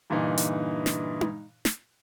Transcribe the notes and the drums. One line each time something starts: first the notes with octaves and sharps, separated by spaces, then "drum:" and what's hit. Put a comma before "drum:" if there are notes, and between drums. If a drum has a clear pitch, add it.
G2 A#2 D3 E3 D#4
drum: hi-hat
drum: snare
drum: tom D#4
drum: snare